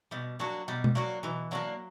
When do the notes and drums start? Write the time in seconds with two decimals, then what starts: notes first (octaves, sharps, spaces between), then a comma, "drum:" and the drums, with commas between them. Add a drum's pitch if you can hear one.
0.11 B2 G3
0.39 F#3 A#3 D4 F#4
0.68 B2 G3
0.84 drum: tom B2
0.95 F#3 A#3 D4 F#4
1.23 B2 E3
1.51 F#3 A#3 D4 F#4